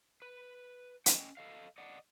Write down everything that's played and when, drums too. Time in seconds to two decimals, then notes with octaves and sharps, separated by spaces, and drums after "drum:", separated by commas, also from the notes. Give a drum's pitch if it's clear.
0.22 B4
1.06 C#4 D#5 G5, drum: hi-hat
1.37 A4 D#5 F5
1.78 D5 D#5 F#5